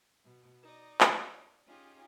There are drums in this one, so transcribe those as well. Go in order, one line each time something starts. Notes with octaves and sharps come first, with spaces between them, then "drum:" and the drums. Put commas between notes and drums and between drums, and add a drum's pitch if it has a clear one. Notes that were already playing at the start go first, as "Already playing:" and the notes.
B2
D#4 D5 D#5
drum: clap
C#4 D#4 F4 G4 G#4